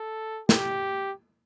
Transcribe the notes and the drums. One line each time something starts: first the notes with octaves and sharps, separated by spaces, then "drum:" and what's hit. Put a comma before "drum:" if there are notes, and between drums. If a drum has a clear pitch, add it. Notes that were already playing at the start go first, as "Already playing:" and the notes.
Already playing: A4
G4, drum: snare